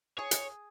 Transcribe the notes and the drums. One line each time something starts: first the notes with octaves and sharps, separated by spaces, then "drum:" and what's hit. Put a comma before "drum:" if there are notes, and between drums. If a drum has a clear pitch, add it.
G#4 C#5
drum: hi-hat